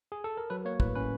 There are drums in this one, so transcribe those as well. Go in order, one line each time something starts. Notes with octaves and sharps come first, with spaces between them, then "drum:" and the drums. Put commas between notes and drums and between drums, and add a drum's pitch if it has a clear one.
G#4
A4
A#4
F#3 B4
A#3 C#5
A2 B4, drum: kick
C#4 B4